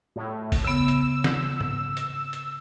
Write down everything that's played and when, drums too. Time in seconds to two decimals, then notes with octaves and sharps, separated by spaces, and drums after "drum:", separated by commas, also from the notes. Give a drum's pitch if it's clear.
0.16 A2
0.52 drum: kick F#1, open hi-hat
0.64 C#3 B3 E6
0.88 drum: hi-hat
1.24 drum: snare
1.61 drum: tom G#2
1.97 drum: hi-hat
2.33 drum: hi-hat